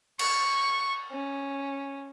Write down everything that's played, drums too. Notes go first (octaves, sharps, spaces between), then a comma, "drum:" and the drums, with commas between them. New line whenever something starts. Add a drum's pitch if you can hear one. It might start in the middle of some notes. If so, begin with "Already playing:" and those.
C#6, drum: cymbal
C#4